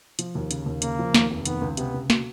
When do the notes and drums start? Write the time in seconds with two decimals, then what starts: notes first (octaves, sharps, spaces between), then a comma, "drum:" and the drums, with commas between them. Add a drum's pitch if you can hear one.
0.19 F3, drum: hi-hat
0.35 D#2
0.51 C#3, drum: hi-hat
0.66 D#2
0.82 C#3 A#3, drum: hi-hat
0.99 F3
1.14 D#2, drum: snare
1.30 F1
1.45 D#3 B3, drum: hi-hat
1.61 C#2
1.77 C3 B3, drum: hi-hat
1.94 C#2
2.10 B2, drum: snare